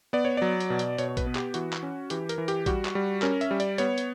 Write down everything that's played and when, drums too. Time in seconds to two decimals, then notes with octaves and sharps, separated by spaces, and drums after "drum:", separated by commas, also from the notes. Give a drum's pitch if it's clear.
0.13 B3 D5
0.25 C#5
0.37 F#3 D5
0.60 drum: hi-hat
0.70 B2
0.79 drum: hi-hat
0.98 B2 C#5, drum: hi-hat
1.09 C#5
1.17 B4, drum: kick A1, hi-hat
1.27 B3
1.35 G4, drum: clap
1.54 E3 F#4, drum: hi-hat
1.73 drum: clap
1.83 C#4
2.10 E3 G4, drum: hi-hat
2.29 A#4, drum: hi-hat
2.38 E3
2.48 G4, drum: hi-hat
2.66 G3 F#4, drum: kick A1, hi-hat
2.85 drum: clap
2.95 G3
3.22 C#4 A#4, drum: clap
3.41 E5, drum: hi-hat
3.51 G3
3.60 D5, drum: hi-hat
3.78 B3 C#5, drum: hi-hat
3.98 drum: hi-hat